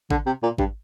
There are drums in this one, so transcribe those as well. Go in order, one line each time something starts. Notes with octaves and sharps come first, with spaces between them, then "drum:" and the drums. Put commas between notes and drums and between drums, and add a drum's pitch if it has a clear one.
D3, drum: kick G#1
C3
A#2
G2, drum: kick G#1